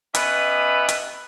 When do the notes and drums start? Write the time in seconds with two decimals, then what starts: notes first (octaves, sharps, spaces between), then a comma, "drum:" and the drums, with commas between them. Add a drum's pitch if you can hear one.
0.15 B3 C#4 G4 B4 D#5 E5, drum: hi-hat
0.89 drum: hi-hat